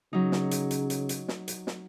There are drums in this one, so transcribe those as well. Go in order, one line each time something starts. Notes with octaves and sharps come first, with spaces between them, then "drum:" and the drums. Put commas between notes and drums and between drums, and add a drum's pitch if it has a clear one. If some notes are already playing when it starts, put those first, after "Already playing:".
C#3 F#3 D#4
drum: snare
drum: hi-hat
drum: hi-hat
drum: hi-hat
drum: hi-hat
drum: snare
drum: hi-hat
drum: snare